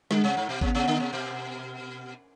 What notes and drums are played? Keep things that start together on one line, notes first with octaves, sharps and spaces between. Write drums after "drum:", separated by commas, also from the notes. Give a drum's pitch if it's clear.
D3 G#3, drum: snare
C3
G#2
B2
C3 B3, drum: kick G#1
C3
D3
C3
B2